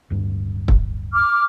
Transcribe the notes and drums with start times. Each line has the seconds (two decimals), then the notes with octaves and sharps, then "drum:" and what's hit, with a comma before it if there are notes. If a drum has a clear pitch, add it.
0.10 D1 G2
0.68 drum: kick
1.13 D6 F6